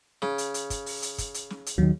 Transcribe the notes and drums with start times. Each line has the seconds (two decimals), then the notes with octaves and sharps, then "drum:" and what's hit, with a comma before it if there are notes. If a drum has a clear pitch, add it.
0.22 C#3, drum: snare
0.38 drum: hi-hat
0.54 drum: hi-hat
0.70 drum: kick, hi-hat
0.86 drum: open hi-hat
1.02 drum: hi-hat
1.18 drum: kick, hi-hat
1.34 drum: hi-hat
1.50 drum: snare
1.66 drum: hi-hat
1.78 D#2 D#3 F#3